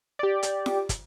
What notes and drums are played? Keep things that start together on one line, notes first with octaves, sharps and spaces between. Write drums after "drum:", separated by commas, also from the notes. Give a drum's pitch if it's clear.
G4 D5
drum: hi-hat
drum: snare F4
drum: kick, hi-hat